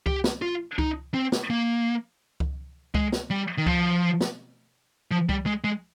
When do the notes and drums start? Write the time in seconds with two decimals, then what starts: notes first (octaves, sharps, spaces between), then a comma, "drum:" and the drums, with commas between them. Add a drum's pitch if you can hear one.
0.06 G4, drum: kick C#2
0.24 drum: snare
0.42 F4
0.79 D#4, drum: kick C#2
1.14 C4
1.32 drum: snare
1.50 A#3
2.40 drum: kick C#2
2.94 G#3, drum: kick C#2
3.12 drum: snare
3.30 G3
3.58 D#3
3.66 F3, drum: kick C#2
4.21 drum: snare
5.11 F3
5.29 G3, drum: kick C#2
5.46 G#3
5.64 G#3